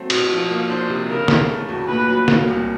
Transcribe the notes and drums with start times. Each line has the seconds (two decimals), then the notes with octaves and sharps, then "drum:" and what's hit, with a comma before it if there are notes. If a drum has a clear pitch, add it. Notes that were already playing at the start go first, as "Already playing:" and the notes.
Already playing: F#3 A3 C4
0.10 B2, drum: cymbal
0.31 F3
0.50 A#3
0.70 D4 C5
0.90 C3
1.09 C#3 A#4
1.28 E3, drum: snare
1.48 A3
1.69 D2
1.88 A#2 B4
2.08 F#3
2.28 A#3, drum: snare
2.48 C2